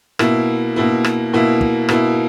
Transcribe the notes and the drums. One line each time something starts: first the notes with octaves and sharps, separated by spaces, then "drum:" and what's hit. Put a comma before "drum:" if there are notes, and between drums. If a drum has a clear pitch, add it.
B2 A#3 E4, drum: rim click
B2 A#3 E4
drum: rim click
B2 A#3 E4
drum: kick
B2 A#3 E4, drum: rim click